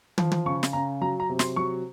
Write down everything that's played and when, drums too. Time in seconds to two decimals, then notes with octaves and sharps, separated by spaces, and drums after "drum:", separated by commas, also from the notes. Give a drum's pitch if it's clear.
0.18 F3, drum: tom
0.32 drum: tom
0.46 C#3 C#6
0.63 drum: snare
0.73 C#3 A#5
1.01 F#3 A#5
1.20 A#5
1.30 C3
1.39 C6, drum: snare
1.56 F#3 C#6